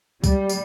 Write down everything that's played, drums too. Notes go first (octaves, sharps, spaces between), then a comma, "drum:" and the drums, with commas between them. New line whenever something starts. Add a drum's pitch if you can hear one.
G3, drum: kick, tambourine
drum: tambourine